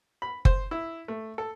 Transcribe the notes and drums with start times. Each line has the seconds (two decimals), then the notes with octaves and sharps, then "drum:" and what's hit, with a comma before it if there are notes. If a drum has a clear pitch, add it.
0.22 B5
0.45 C5, drum: kick F#1
0.71 E4
1.08 A3
1.38 A4